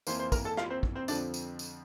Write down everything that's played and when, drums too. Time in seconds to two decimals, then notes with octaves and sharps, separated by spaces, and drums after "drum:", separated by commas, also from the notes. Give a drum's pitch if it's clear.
0.07 F2 E3 A#3 C5 C6, drum: tambourine
0.19 C5 C6
0.32 A#4 A#5, drum: kick, tambourine
0.45 A4 A5
0.57 F4 F5, drum: rim click
0.70 C4 C5
0.83 drum: kick
0.95 C4 C5
1.08 F2 D3 F3 C4 D4 D5, drum: tambourine
1.34 drum: tambourine
1.59 drum: tambourine